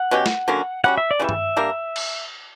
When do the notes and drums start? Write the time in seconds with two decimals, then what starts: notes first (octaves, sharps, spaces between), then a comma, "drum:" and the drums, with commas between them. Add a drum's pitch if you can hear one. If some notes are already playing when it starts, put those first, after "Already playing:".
Already playing: F#5
0.11 B2 F#3 C#4 G4
0.26 drum: snare
0.48 D3 F#3 A#3 C#4
0.84 G3 C#4 F#4 F#5
0.98 E5
1.11 D5
1.20 C#3 E3 G3 E5
1.29 drum: tom G2
1.57 G3 A#3 D4 A#4
1.96 drum: cymbal